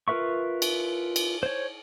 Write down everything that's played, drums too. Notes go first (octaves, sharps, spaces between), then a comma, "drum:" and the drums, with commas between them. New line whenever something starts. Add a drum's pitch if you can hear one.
F4 A#4 B4 E5 C#6
drum: cymbal
drum: cymbal
C5 C#5